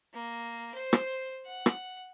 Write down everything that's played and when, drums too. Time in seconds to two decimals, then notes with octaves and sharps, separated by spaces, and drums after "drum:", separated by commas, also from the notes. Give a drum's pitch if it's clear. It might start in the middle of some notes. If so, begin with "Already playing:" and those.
0.14 A#3
0.74 C5
0.93 drum: rim click
1.45 F#5
1.66 drum: rim click